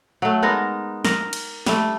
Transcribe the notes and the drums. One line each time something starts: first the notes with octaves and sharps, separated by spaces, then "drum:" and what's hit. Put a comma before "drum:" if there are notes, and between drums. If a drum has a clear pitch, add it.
F#3 A3
G#3 B3 D#4 A#4
A#4, drum: snare
drum: cymbal
G3 A3, drum: snare